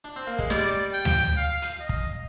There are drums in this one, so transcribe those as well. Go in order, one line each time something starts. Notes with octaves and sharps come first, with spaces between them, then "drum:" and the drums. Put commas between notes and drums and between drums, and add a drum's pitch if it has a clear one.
D4
C4
A#3
G#3, drum: kick
G3 D5, drum: snare
G5
drum: tom D2
F5
drum: hi-hat
D#5
drum: kick